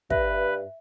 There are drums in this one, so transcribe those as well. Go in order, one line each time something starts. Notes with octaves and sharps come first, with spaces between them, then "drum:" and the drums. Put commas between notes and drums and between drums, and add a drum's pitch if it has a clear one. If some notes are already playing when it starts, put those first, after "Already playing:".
G2 B4 E5, drum: kick